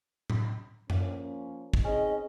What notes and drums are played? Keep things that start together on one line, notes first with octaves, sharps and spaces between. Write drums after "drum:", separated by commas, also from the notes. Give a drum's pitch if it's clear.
drum: tom A2
F3 A#3 C#4, drum: tom F#2
drum: kick
C4 C#4 D#4 G#4 D#5